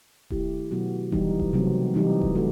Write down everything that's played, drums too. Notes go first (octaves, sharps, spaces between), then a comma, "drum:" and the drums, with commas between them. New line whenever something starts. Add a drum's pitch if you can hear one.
D#3 A3 E4 G4, drum: kick D#1
B2 F#3 B3 F#4
E3 G3 D#4 G4, drum: kick D#1
drum: kick D#1
C3 F#3 A3 C4
E3 G3 D#4 G4
drum: kick D#1
A3 D#4 F#4 A4